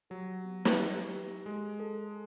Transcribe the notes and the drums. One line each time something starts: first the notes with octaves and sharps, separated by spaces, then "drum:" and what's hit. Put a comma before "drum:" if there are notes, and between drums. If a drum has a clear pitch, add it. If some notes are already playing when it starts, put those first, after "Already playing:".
F#3 G4
B3
drum: snare
G4
G4
G#3 A4
A4